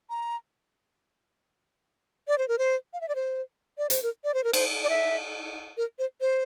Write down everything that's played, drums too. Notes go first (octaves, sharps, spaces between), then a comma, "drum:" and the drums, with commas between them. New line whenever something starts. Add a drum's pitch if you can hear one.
A#5
D5
C5
A#4
C5
F5
E5
D5
C5
D5
C5, drum: hi-hat
A#4
D5
C5
A#4
C5, drum: cymbal
D5
E5
A#4
C5
C5